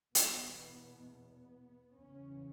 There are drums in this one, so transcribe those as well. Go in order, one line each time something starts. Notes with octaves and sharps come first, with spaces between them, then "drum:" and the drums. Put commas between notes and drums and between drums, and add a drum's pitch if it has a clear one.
E2 B2 B3, drum: hi-hat
B3
E2 C#3 C#4